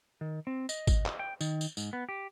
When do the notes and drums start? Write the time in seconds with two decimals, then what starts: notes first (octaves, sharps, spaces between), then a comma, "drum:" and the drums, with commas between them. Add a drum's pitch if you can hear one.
0.21 D#3
0.47 C4
0.69 D#5, drum: tambourine
0.87 drum: kick G#1, tambourine
1.06 drum: clap
1.19 G5
1.41 D#3, drum: tambourine
1.61 drum: tambourine
1.77 G#2, drum: tambourine
1.93 B3
2.09 G4